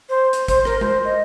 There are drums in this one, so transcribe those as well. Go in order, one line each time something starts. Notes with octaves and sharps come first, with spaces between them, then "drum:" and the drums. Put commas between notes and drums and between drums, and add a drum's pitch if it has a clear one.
C5
drum: hi-hat
C5, drum: kick, hi-hat
A#4, drum: rim click
C5, drum: tom G#3
D#5